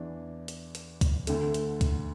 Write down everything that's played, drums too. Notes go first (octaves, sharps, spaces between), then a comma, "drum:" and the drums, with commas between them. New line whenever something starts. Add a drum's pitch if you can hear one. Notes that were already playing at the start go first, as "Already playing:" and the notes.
Already playing: E2 E3 D4
drum: hi-hat
drum: hi-hat
drum: kick, hi-hat
D2 D3 A3, drum: hi-hat
drum: hi-hat
drum: kick, hi-hat